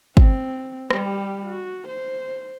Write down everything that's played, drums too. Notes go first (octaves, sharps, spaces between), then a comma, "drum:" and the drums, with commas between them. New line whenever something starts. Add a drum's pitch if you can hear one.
C4, drum: kick
G3 G4, drum: rim click
F#4
C5